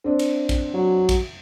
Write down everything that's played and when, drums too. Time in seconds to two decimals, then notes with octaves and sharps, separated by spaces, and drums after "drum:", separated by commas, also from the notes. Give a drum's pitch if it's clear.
0.04 C4 D4
0.19 drum: cymbal
0.49 drum: kick, cymbal
0.74 F#3
1.09 drum: kick, cymbal